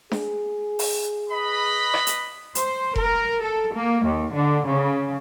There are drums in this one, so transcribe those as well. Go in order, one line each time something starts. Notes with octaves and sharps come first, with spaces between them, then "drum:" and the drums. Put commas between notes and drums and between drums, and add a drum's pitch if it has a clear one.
G#4, drum: snare D4
drum: open hi-hat
B4 D#5 B5
drum: rim click
drum: hi-hat
C5, drum: hi-hat
A#4, drum: kick F1
A4
A#3
D#2
D3
C#3